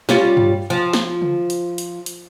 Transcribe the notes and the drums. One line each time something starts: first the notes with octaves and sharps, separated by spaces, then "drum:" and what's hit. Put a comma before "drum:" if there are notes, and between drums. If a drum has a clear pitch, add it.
G3 C#4 F4, drum: snare
drum: tom G2
F3
drum: snare
drum: tom C#3
drum: hi-hat
drum: hi-hat
drum: hi-hat